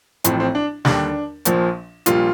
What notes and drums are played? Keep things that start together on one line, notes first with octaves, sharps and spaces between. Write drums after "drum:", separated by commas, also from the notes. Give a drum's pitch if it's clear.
A1 A2 F3 C4, drum: hi-hat
C4
D4
D#2 D3 G3 D4, drum: snare
A#1 A#2 F3, drum: hi-hat
A#1 A#2 G3 F4, drum: hi-hat